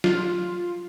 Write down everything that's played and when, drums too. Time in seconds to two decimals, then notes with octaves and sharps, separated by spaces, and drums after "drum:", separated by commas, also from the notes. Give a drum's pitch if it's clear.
0.04 F4, drum: snare F#3